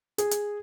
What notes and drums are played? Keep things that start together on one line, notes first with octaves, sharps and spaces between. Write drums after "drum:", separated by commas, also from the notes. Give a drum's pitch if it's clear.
G#4, drum: hi-hat
drum: hi-hat